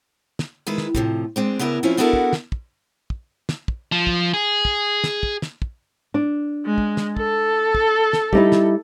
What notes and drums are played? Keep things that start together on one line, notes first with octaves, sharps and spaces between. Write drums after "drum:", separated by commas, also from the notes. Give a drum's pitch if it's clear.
drum: snare
D#3 G#3 E4 B4
drum: snare
A2 C3 F3, drum: kick
G#3 C4 D4
C#3 B3 D4 E4 A#4
F#2 F3 C4 C#4 E4 F4
B3 D4 E4 F#4 A4 A#4
drum: kick
drum: snare
drum: kick
drum: kick
drum: snare
drum: kick
F3
drum: kick
G#4
drum: kick
drum: snare
drum: kick
drum: snare
drum: kick
D4
G#3
drum: kick
drum: snare
A4, drum: kick
drum: kick
drum: snare
G3 D#4 E4, drum: kick
drum: snare